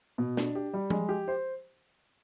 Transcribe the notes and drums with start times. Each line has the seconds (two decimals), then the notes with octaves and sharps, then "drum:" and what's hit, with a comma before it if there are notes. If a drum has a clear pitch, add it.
0.18 B2
0.37 D4, drum: snare
0.55 G4
0.74 G3
0.90 G#3, drum: tom F3
1.09 G4
1.28 C5